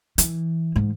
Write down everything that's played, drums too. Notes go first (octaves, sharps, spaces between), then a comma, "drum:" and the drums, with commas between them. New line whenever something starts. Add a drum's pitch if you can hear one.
E3, drum: hi-hat
G#2